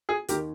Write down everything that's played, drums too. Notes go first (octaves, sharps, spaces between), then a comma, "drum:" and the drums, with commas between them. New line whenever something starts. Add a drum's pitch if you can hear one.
G#4
D#2 D#3 G4 A#4, drum: hi-hat